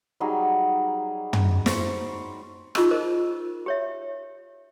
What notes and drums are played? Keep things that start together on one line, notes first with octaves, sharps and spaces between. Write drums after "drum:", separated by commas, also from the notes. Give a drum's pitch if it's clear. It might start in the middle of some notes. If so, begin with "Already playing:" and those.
F#3 G3 D#4 G#4
drum: tom
C5 C#6, drum: snare
D#4 F4 G#4 D#5 C#6 E6, drum: rim click
A#4 C5 D#5
G4 C#5 E5